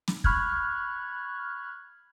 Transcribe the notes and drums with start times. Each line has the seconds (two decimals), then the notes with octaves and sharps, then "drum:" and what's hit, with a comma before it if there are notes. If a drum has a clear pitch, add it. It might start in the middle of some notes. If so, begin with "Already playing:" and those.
0.08 drum: snare
0.24 B5 C#6 F6 F#6 G#6, drum: kick